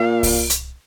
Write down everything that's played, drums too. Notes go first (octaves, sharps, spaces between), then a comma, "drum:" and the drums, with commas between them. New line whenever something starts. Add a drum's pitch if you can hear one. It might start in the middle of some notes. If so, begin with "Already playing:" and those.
Already playing: A#2 F5
drum: kick C2, open hi-hat
drum: hi-hat